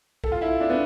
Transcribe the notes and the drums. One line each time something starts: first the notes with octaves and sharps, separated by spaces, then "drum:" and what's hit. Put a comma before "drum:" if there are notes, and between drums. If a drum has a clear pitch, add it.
A4, drum: kick A#1
F4
E4
D4
B3